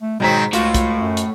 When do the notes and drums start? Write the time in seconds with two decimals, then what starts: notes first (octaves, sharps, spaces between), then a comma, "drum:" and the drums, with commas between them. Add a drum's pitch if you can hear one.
0.02 A3
0.20 G#2 B2 D#3 F#3 C4 A#5 B6
0.53 C#2 A2 F4 F#4, drum: hi-hat
0.74 drum: kick, hi-hat
1.00 F#2
1.17 drum: hi-hat